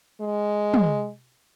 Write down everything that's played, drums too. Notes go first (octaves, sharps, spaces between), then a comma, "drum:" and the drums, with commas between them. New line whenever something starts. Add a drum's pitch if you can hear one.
G#3
drum: tom